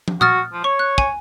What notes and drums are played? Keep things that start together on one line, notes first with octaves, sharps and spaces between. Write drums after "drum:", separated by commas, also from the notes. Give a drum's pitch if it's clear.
drum: tom
F#4 D#6 F6 A6, drum: tom A#2
F3
C#5 C#6
F#6
G#5, drum: kick